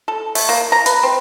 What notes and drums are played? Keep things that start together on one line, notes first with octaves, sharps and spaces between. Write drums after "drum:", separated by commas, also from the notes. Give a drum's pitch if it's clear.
A4
A3, drum: open hi-hat
A#3
A#5
B4, drum: hi-hat
C4